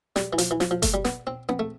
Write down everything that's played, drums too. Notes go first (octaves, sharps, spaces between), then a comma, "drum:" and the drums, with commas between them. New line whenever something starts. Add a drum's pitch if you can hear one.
G3, drum: snare
E3
F3, drum: hi-hat
E3
F3, drum: snare
F3
A3, drum: kick F#1, hi-hat
G3
B3, drum: snare
C4
B3, drum: tom C4
A3